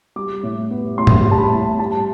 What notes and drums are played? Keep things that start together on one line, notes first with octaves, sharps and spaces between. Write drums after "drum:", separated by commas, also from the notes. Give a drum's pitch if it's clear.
G3 D6
A2
B3
A2 C6
drum: tom G#2
G3
A5
B5
A2
G3 A5